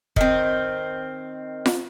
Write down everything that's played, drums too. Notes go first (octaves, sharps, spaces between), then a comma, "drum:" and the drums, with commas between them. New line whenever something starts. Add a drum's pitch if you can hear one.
D#3 C4, drum: kick
drum: snare F4